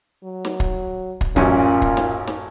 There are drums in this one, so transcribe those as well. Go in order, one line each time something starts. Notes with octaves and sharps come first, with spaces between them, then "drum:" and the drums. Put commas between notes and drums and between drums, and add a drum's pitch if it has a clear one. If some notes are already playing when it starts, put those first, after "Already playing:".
F#3
drum: snare
drum: kick
drum: kick
A1 F#2 A#2 C#4, drum: kick
drum: kick
drum: snare
drum: snare